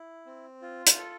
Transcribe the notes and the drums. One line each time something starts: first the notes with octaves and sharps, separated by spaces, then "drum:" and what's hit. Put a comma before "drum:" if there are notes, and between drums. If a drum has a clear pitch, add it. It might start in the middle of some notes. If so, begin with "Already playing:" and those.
Already playing: E4
C4
F4
drum: hi-hat
A4